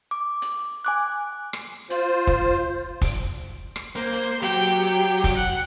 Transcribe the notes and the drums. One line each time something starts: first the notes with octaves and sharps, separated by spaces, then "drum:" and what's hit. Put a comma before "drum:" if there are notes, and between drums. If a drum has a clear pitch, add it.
D6
drum: hi-hat
G#5 D6 F#6
drum: rim click
F4 C5, drum: hi-hat
drum: kick
drum: kick, open hi-hat
drum: rim click
A#3 C5
drum: hi-hat
F#3 G4 G5
drum: hi-hat
drum: kick, open hi-hat
F#5